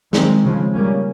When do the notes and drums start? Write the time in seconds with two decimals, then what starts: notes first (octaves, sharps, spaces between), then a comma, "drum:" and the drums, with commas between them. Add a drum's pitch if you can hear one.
0.13 D#3 G#3 C4, drum: snare
0.43 C#3 F3 G#3
0.73 C#3 G3 A#3 C#4